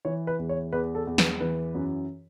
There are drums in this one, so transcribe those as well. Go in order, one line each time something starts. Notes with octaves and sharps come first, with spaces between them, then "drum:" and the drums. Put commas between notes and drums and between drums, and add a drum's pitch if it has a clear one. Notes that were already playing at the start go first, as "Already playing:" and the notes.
E3 C#5
B4
E2
C#5
E2 B4
A4
E2
B4, drum: snare
E3 B4
F#2